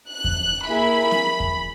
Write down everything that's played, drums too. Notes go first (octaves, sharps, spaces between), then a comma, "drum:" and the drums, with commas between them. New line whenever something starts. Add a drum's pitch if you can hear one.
F#6
drum: kick E2
A#3 E4 G#4 B5
drum: snare
drum: kick E2